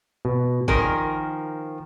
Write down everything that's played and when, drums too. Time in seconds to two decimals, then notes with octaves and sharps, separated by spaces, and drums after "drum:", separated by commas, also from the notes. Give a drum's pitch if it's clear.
0.25 B2
0.68 D#3 F3 A#4 G#5, drum: kick